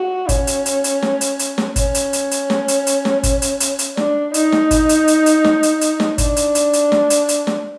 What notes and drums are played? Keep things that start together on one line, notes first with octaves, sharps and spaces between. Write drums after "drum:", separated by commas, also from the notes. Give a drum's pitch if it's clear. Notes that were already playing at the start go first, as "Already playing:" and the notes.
Already playing: F#4
C#4, drum: kick, hi-hat
drum: hi-hat
drum: hi-hat
drum: hi-hat
drum: snare
drum: hi-hat
drum: hi-hat
drum: snare
C#4, drum: kick, hi-hat
drum: hi-hat
drum: hi-hat
drum: hi-hat
drum: snare
drum: hi-hat
drum: hi-hat
drum: snare
drum: kick, hi-hat
drum: hi-hat
drum: hi-hat
drum: hi-hat
D4, drum: snare
D#4, drum: hi-hat
drum: snare
drum: kick, hi-hat
drum: hi-hat
drum: hi-hat
drum: hi-hat
drum: snare
drum: hi-hat
drum: hi-hat
drum: snare
D4, drum: kick, hi-hat
drum: hi-hat
drum: hi-hat
drum: hi-hat
drum: snare
drum: hi-hat
drum: hi-hat
drum: snare